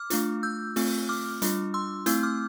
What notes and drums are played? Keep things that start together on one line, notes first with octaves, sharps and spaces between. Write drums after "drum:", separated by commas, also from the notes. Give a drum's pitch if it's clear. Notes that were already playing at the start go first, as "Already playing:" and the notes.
Already playing: D6 F6
A3 D4 F4, drum: hi-hat
E6 G6
A3 C4 F4, drum: open hi-hat
D6 F6
G3 D4 F4, drum: hi-hat
C6 E6
A3 C4 E4 E6 G6, drum: hi-hat
D6 F6